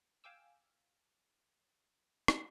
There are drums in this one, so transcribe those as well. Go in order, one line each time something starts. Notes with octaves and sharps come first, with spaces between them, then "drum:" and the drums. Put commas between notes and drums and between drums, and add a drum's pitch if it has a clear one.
F5 G5 G#5 D6 E6
drum: rim click